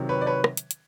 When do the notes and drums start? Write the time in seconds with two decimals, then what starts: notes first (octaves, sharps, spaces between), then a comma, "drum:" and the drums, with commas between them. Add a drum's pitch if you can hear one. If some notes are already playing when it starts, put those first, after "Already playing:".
Already playing: C3 D#3 F#3
0.09 B4 C#5
0.21 D5
0.26 B4 C#5
0.44 drum: rim click
0.57 drum: hi-hat
0.71 drum: hi-hat